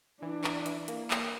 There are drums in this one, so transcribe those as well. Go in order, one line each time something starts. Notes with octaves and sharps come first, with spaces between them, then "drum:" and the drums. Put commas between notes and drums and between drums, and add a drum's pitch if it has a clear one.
E3 D4
E3, drum: clap
E3, drum: hi-hat
A#3, drum: hi-hat
A#3, drum: clap